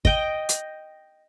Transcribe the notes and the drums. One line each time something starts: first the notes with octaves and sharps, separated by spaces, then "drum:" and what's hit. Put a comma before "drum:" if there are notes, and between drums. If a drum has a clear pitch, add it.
D#5 G5, drum: kick
drum: hi-hat